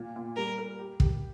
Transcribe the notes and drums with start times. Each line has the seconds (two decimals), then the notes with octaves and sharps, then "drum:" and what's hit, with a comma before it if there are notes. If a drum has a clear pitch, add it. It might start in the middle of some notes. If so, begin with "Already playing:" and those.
Already playing: A#2
0.16 A#2
0.36 G3 A#4
0.58 A#4
0.78 G4
1.00 G4, drum: kick